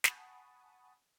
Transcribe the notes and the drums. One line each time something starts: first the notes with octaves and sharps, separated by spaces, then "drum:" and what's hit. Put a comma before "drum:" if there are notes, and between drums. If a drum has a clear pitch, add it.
F#5 G#5 A5 B5 C#6 D#6, drum: snare